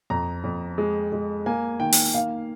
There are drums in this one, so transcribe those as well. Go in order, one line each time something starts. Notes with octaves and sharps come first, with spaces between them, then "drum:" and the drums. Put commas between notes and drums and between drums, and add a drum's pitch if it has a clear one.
F2 A#5
F2
G#3
G#3
A#3 G#5
D#3 G5
drum: open hi-hat
A#3 F5